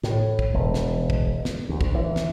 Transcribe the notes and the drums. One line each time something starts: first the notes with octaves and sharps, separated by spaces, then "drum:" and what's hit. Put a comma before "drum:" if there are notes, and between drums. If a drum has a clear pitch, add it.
A2, drum: snare
drum: kick
E1
drum: snare
drum: kick
drum: snare
D2
drum: kick
E3
drum: snare